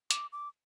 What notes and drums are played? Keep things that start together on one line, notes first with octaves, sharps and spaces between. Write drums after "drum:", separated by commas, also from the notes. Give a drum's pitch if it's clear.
D6, drum: hi-hat
D6